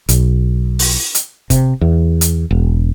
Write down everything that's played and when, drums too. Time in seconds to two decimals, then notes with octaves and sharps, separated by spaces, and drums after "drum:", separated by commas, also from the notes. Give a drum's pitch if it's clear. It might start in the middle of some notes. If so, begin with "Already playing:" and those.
0.09 B1, drum: hi-hat
0.79 drum: open hi-hat
1.15 drum: hi-hat
1.50 C3, drum: kick F#1, hi-hat
1.81 E2
2.21 drum: hi-hat
2.51 E1